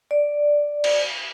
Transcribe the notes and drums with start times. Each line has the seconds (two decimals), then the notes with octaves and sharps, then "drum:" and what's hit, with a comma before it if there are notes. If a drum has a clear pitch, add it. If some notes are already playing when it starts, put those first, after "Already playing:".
0.11 D5
0.84 drum: cymbal